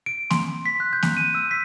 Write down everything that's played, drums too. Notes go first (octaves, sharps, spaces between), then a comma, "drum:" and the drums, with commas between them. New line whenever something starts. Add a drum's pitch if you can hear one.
D7
C6, drum: snare A#3
B6
F#6
G6
drum: snare A#3
D#7
E6
B6